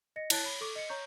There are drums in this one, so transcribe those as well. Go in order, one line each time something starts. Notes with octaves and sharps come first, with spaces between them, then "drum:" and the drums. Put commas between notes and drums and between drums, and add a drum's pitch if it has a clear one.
D#5 A#6 C#7
E4 C#5 A5 F#6 A6 D7, drum: cymbal
C#5 B5 G7
A4 C#6 D6
D#5 C#7
C#5 A#5 C#6 G6